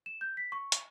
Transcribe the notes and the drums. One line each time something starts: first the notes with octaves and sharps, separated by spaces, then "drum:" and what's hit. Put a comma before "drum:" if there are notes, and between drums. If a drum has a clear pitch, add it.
E7
G6
B6
C#6
drum: hi-hat